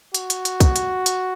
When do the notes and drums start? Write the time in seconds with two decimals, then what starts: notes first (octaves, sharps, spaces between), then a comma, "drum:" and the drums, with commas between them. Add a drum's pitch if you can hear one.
0.14 F#4, drum: hi-hat
0.30 drum: hi-hat
0.45 drum: hi-hat
0.60 drum: kick, hi-hat
0.76 drum: hi-hat
1.06 drum: hi-hat